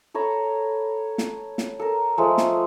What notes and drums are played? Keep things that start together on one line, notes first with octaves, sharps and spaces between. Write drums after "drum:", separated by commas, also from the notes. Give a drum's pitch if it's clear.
A4 C#5 A#5 B5
drum: snare
drum: snare
A4 A#4
F3 G#3 A3
drum: snare